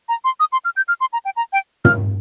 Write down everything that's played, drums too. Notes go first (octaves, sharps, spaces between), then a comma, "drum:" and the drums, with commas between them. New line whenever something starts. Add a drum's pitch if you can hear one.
A#5
C6
D#6
C6
F6
G6
F6
C6
A#5
G5
A#5
G5
F6, drum: tom